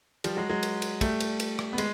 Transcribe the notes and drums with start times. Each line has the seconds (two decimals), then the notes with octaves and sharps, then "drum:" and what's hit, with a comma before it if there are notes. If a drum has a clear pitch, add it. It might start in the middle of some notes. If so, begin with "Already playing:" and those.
0.24 F3 G3, drum: cymbal
0.36 F#3 G#3
0.49 F#3 G#3
0.63 drum: cymbal
0.82 drum: cymbal
1.01 G3 A3, drum: kick, cymbal
1.20 drum: cymbal
1.40 drum: cymbal
1.59 drum: rim click
1.73 B3
1.78 G#3, drum: cymbal